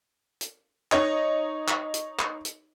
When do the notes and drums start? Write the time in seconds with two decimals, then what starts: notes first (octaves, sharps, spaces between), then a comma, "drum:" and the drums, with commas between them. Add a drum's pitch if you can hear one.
0.41 drum: hi-hat
0.92 D#4 C#5 D#5, drum: clap
1.68 drum: clap
1.94 drum: hi-hat
2.19 drum: clap
2.45 drum: hi-hat